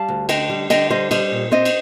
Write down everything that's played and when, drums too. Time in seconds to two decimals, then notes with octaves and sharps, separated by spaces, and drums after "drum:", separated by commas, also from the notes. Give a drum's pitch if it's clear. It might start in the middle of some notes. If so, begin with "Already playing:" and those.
Already playing: G3 F5 A5
0.08 D2
0.29 D3 D#5 G5, drum: cymbal
0.50 G3
0.70 D3 D#5 G5, drum: cymbal
0.90 G3 C5 D#5
1.11 G3 C5 D#5, drum: cymbal
1.31 A#2
1.51 C4 C5 D#5
1.65 drum: cymbal